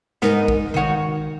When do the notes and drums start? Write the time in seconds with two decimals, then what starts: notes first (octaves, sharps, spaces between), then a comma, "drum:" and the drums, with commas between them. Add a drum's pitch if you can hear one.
0.22 G#2 B3 D#4 A#4 D#5, drum: snare
0.48 drum: kick A#1
0.74 D#3 D#4 F#4 C#5